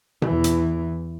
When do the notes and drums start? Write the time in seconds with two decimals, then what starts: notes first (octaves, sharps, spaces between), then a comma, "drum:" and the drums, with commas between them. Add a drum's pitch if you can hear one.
0.22 E2 E3, drum: tom B2
0.44 drum: hi-hat